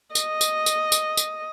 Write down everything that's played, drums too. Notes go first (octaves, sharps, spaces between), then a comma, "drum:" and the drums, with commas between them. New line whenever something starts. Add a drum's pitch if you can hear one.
D#5, drum: tambourine
drum: tambourine
drum: tambourine
drum: tambourine
drum: tambourine